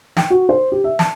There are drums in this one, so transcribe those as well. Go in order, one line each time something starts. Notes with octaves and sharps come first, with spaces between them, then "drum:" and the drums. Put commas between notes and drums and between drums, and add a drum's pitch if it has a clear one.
G5, drum: snare
F#4
C5
G4
E5
A5, drum: snare